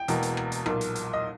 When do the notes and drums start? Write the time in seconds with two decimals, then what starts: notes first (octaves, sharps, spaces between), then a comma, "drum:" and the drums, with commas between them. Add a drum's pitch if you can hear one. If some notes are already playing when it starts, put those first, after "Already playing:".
Already playing: G5
0.08 E1 E2 B2 A#3, drum: hi-hat
0.23 drum: hi-hat
0.37 drum: rim click
0.52 drum: hi-hat
0.66 B1 A#2 A#3, drum: rim click
0.81 drum: hi-hat
0.95 drum: hi-hat
1.13 D#5